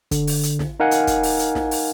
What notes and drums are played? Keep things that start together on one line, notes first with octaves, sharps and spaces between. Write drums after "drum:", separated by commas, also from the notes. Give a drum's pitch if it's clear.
D3, drum: kick, hi-hat
drum: open hi-hat
drum: hi-hat
drum: snare
D#4 A#4 F5 F#5 G#5
drum: hi-hat
drum: kick, hi-hat
drum: open hi-hat
drum: hi-hat
drum: snare
drum: open hi-hat